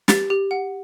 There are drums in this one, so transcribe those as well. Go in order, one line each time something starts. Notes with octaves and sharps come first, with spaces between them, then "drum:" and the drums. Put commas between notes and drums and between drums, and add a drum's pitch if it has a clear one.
G4 A6, drum: snare
G4
F#5